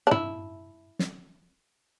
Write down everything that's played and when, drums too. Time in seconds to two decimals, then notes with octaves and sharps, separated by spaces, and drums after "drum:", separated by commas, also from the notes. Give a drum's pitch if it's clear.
0.07 D4
0.11 E4, drum: tom
0.99 drum: snare